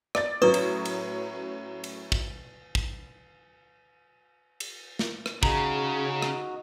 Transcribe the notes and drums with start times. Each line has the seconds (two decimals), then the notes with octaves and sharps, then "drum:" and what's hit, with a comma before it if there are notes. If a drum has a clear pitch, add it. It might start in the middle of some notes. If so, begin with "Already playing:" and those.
0.15 D5 A6, drum: rim click
0.42 A2 F#3 C#4 B4 C#6 D#6
0.54 drum: cymbal
0.85 drum: cymbal
1.84 drum: cymbal
2.12 drum: kick
2.75 drum: kick
4.60 drum: cymbal
4.99 drum: snare
5.26 drum: rim click
5.43 C#3 D#4 F#4 G#4 A#5, drum: kick
6.22 drum: rim click